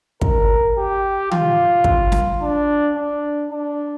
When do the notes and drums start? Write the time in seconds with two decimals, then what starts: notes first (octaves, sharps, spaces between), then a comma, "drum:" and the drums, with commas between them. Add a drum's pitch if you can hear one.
0.21 A#4, drum: kick
0.77 G4
1.31 F4, drum: tom D#3
1.84 drum: kick
2.12 drum: snare
2.41 D4
2.96 D4
3.51 D4